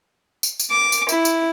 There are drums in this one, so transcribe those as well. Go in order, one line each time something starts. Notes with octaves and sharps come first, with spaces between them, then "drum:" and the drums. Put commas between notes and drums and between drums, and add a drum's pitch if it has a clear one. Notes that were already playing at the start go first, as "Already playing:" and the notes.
drum: tambourine
drum: tambourine
D6
drum: tambourine
E4, drum: tambourine
drum: tambourine